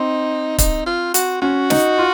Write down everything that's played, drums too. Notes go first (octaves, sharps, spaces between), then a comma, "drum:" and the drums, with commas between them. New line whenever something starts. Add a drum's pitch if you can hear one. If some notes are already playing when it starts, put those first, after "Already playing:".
Already playing: C4 D#4
D#4, drum: kick, hi-hat
F4
F#4, drum: hi-hat
C#4 F#4
D#4, drum: snare
F4